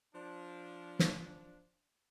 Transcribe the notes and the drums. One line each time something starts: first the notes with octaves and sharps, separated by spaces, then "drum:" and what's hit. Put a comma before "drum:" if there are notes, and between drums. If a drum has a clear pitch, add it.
F3 D4
drum: snare